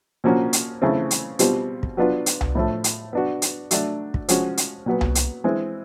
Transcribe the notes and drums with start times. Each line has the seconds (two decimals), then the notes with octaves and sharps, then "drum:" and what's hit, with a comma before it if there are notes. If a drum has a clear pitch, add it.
0.24 A#2 F3 A#3 C#4 F#4
0.53 drum: hi-hat
0.82 C#3 E3 A3 C4
1.11 drum: hi-hat
1.39 B2 G3 C4 F4, drum: hi-hat
1.83 drum: kick
1.97 F#3 B3 D4 F4
2.26 drum: hi-hat
2.41 drum: tom C2
2.55 A2 F3 A3
2.84 drum: hi-hat
3.13 B3 D4 F#4
3.42 drum: hi-hat
3.71 F#3 A3 D4, drum: hi-hat
4.14 drum: kick
4.29 F3 G#3 C#4 F#4, drum: hi-hat
4.57 drum: hi-hat
4.86 A#2 F#3 B3
5.01 drum: tom C2
5.15 drum: hi-hat
5.44 E3 G#3 C4